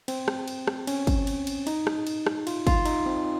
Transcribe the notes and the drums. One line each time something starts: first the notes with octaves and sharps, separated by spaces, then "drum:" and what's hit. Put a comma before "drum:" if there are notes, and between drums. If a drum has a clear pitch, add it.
C4, drum: cymbal
drum: rim click
drum: cymbal
drum: rim click
C#4, drum: cymbal
drum: kick, cymbal
drum: cymbal
drum: cymbal
D#4, drum: cymbal
drum: rim click
drum: cymbal
drum: rim click
F4, drum: cymbal
F4, drum: kick, cymbal
D#4, drum: cymbal
C4